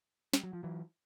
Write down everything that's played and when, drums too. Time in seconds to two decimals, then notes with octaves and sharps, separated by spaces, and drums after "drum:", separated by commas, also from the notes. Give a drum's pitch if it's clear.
0.33 G3, drum: snare
0.43 F#3
0.53 F3
0.63 E3 F#3